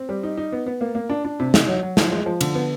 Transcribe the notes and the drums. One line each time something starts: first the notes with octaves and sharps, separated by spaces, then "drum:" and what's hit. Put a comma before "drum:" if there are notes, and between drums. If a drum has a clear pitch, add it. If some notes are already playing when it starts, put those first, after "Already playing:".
Already playing: C4
G3
D#4
D#4
B3
B3
A#3
A#3
D4
D4
C3
D#4, drum: snare
F#3
F#3
F3, drum: snare
G#3
F3
D3, drum: cymbal
B3